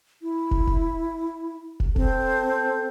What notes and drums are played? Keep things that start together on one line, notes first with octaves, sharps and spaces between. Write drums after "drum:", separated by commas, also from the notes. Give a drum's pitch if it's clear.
E4
drum: kick
drum: kick
drum: kick
C4 A4, drum: kick